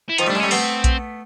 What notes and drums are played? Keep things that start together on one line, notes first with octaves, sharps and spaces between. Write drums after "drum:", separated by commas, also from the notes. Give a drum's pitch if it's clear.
E4
D#3 F3 D#4, drum: hi-hat
G3 A3 D4
G#3 A#3
G3 A3 C#4
A3 B3 C4, drum: open hi-hat
drum: kick A#1, hi-hat